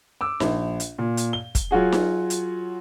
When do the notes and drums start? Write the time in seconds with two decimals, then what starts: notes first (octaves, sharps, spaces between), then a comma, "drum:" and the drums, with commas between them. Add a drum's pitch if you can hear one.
0.21 D6 E6
0.40 A#1, drum: snare D#4
0.80 drum: hi-hat
0.98 A#2
1.17 drum: hi-hat
1.33 G7
1.55 drum: kick, hi-hat
1.71 F#3 F4 F#4 G#4
1.92 drum: snare D#4
2.30 drum: hi-hat